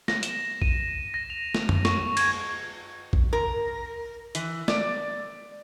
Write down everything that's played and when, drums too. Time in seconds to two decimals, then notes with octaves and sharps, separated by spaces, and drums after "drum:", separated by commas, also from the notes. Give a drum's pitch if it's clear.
0.08 A#6, drum: snare
0.23 E7, drum: hi-hat
0.62 D#7, drum: kick A#1
1.14 A#6
1.30 F7
1.55 drum: snare
1.69 drum: tom F#2
1.85 C#6, drum: snare
2.17 G#6, drum: cymbal
3.13 drum: kick A#1
3.33 A#4
4.35 E3, drum: hi-hat
4.68 D5, drum: snare